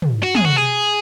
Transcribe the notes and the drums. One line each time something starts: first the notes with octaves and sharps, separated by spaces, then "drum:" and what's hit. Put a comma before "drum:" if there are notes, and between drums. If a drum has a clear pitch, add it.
drum: tom
F#4
G#4, drum: tom
F#4
G#4